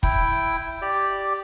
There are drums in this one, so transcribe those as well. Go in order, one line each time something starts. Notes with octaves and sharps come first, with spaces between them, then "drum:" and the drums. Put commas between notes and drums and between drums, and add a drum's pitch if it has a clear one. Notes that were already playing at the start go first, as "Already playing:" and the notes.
E4 G5, drum: kick
G4 D5